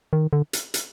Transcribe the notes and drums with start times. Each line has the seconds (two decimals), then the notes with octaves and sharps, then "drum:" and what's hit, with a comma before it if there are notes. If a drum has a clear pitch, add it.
0.13 D#3
0.33 D3
0.53 drum: hi-hat
0.74 drum: hi-hat